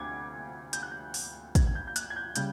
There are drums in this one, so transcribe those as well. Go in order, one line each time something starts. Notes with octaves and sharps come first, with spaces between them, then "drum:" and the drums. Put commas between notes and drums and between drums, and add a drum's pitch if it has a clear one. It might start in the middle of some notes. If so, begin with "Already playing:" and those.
Already playing: D2 C3 D6 G#6
G6, drum: hi-hat
F#6
G6
drum: open hi-hat
G#6, drum: kick, hi-hat
G6
G6
F#6, drum: hi-hat
G#6
G6
C#3 G3 G6, drum: hi-hat